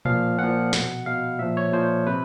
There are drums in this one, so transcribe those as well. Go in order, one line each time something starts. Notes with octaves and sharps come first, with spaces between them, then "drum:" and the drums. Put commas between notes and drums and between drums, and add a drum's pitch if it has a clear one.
A#2 F3 F5, drum: tom A#2
A#2 F#5
F3
B2, drum: snare
B2 F5
A#2 F3 E5
C#5
A#2 F3 C5
C3 B4